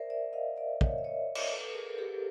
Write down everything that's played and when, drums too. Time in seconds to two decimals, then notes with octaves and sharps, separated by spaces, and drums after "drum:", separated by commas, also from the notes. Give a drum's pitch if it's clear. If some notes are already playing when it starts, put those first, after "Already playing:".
Already playing: A#4 C5 D5 E5
0.10 D5 E5
0.33 D#5 F5
0.56 D5 E5
0.81 C#5 D#5, drum: kick
0.98 E5
1.04 C#5 D#5
1.35 drum: cymbal
1.51 A4 B4
1.74 G#4 A#4
1.98 G4 A4